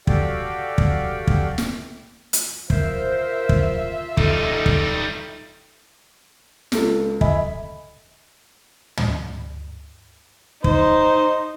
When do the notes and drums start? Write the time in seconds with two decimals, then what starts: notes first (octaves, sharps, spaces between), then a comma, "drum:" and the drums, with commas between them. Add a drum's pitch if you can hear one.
0.07 F#4 G4 A4 D5 F5 G5, drum: kick
0.78 drum: kick
1.27 drum: kick
1.58 drum: snare
2.33 drum: hi-hat
2.70 F4 A#4 C5 E5, drum: kick
3.49 drum: kick
4.17 G3 D#4 A4, drum: kick
4.66 drum: kick
6.72 C#2 A4, drum: snare
7.21 D#5 E5 G#5 B5, drum: kick
8.97 drum: tom
10.64 D#4 C5, drum: kick